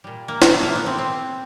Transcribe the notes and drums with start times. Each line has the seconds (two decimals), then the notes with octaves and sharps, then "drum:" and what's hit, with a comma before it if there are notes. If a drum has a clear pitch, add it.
0.04 A#2 G3
0.28 A#3
0.42 drum: snare
0.51 A3
0.63 A#3
0.75 B3
0.86 C4
0.98 C4